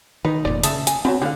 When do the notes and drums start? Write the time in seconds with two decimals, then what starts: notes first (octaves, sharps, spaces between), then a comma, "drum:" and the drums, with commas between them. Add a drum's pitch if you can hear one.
0.25 D#3 D#4 B4
0.45 F1 A#2 D5
0.63 C#3 E5 A5 D#6, drum: hi-hat
0.87 G#5, drum: hi-hat
1.05 F#3 G#3 B3 C4
1.22 D3 G4 F5